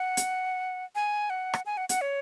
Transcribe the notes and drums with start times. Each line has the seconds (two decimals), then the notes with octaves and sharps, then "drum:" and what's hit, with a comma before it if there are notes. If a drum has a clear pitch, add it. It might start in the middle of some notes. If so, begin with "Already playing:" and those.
Already playing: F#5
0.17 drum: hi-hat
0.95 G#5
1.30 F#5
1.54 drum: rim click
1.66 G#5
1.77 F#5
1.89 F#5, drum: hi-hat
2.01 C#5